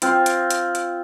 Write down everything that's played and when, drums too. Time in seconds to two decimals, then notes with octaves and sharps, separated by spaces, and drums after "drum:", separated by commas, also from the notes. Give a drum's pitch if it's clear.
0.02 C4 F4, drum: hi-hat
0.26 drum: hi-hat
0.50 drum: hi-hat
0.75 drum: hi-hat